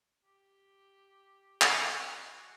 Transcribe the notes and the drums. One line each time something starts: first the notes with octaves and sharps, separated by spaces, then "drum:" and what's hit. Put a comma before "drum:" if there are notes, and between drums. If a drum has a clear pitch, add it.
G4
F#4, drum: clap